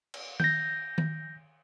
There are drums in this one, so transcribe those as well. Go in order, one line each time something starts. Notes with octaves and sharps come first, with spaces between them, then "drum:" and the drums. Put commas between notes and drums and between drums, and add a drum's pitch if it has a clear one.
drum: cymbal
G6 A#6, drum: tom D#3
drum: tom D#3